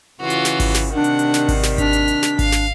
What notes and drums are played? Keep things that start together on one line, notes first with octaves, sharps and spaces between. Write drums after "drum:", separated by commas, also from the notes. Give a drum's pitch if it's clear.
C#3 E3 F4 F#4
drum: hi-hat
drum: snare
drum: kick G#1, open hi-hat
drum: snare
C3 D#3 G3 D4 F#5
drum: hi-hat
drum: hi-hat
drum: snare
drum: kick G#1, open hi-hat
drum: snare
D4 F6 B6, drum: kick G#1, hi-hat
drum: hi-hat
drum: hi-hat
drum: snare
F5, drum: kick G#1, open hi-hat
drum: snare